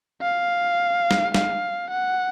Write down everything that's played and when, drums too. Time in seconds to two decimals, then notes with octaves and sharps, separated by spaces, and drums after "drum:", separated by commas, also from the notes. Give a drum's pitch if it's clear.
0.22 F5
1.11 drum: snare
1.34 F5, drum: snare
1.90 F#5